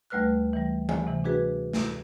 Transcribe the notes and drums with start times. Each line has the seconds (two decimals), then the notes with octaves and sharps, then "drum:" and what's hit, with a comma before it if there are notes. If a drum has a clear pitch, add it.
0.10 D2 G3 A3 B4 F6 F#6
0.53 E3 G3
0.89 G#5, drum: tom E3
1.07 C3 E3
1.24 D4 F#4 G#4 B4
1.73 drum: snare A3